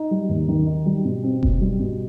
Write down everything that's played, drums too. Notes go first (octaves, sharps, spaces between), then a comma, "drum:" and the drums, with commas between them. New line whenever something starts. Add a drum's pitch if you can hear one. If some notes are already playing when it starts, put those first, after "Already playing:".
Already playing: D#4
G3
D#2
D#3
D#4
G3
B2
C4
B2, drum: kick F1
G3
B2